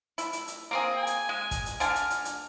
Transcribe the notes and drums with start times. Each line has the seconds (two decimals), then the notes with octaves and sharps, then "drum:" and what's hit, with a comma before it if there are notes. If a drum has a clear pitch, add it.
0.18 E4, drum: hi-hat
0.33 drum: hi-hat
0.48 drum: hi-hat
0.71 A#3 C4 G#4
0.97 G#5
1.07 drum: hi-hat
1.29 G#3
1.51 drum: kick, hi-hat
1.66 drum: hi-hat
1.80 D3 G#5 F6, drum: hi-hat
1.96 drum: hi-hat
2.10 drum: hi-hat
2.25 drum: hi-hat